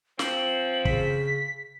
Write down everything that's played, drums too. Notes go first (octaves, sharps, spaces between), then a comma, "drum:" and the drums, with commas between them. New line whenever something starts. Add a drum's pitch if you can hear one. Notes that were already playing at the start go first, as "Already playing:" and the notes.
F3 C4 F#7, drum: snare
C#3 B6, drum: kick